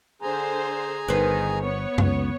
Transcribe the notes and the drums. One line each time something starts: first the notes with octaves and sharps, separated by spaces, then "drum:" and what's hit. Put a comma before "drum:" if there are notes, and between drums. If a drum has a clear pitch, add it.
D3 G#4 C5 G#5 A#5
G1 D#3 B4 C5
B3 C#5
C#2, drum: tom F#2